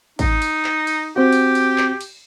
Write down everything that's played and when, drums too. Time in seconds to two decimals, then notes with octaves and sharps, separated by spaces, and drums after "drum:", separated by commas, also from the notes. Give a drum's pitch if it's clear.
0.19 D#4, drum: kick, cymbal
0.42 drum: cymbal
0.64 drum: clap
0.87 drum: cymbal
1.16 C4 F#4 G4
1.32 drum: cymbal
1.55 drum: cymbal
1.78 drum: clap
2.01 drum: cymbal